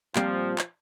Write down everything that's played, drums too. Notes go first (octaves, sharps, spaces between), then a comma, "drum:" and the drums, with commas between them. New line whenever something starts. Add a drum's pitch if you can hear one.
A#2 F3 G3 C4, drum: clap
drum: clap